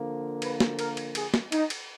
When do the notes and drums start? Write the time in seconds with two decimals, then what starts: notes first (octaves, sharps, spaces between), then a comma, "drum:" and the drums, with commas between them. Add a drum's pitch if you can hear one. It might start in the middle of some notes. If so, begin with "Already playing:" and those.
Already playing: D3 F3 A#3
0.42 B4, drum: cymbal
0.60 drum: snare
0.79 A#4, drum: cymbal
0.97 drum: cymbal
1.15 G#4, drum: cymbal
1.34 drum: snare
1.52 D#4, drum: cymbal
1.70 drum: cymbal